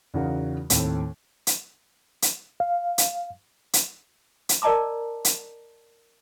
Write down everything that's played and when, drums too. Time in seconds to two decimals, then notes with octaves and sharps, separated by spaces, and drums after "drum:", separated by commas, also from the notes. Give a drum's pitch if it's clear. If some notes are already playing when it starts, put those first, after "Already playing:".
0.14 E2 C#3 D#4 F#4 A#4 F5
0.70 D#2 A2 A3 C4 C5, drum: hi-hat
1.47 drum: hi-hat
2.22 drum: hi-hat
2.60 F5
2.98 drum: hi-hat
3.73 drum: hi-hat
4.49 drum: hi-hat
4.62 A#4 D5 D#5 A5 A#5 D6
5.25 drum: hi-hat